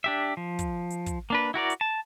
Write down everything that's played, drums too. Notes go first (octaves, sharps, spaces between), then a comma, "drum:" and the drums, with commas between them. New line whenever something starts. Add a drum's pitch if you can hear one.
D4 G4 E5
F3
drum: kick, hi-hat
drum: hi-hat
drum: kick, hi-hat
A#3 D4 B4
E4 F#4 A#4 D5
drum: hi-hat
A5